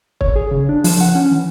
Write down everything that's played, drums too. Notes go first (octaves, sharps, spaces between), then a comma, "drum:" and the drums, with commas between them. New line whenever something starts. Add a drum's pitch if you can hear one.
C#5, drum: kick
G#4
C#3
D4
F3, drum: open hi-hat
F#5
C#4
E3